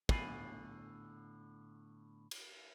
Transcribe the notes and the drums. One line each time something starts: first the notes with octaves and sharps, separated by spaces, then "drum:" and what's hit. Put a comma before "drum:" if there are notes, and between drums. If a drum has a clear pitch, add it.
A2 D3 B3 F5 G#5 B5, drum: kick
drum: cymbal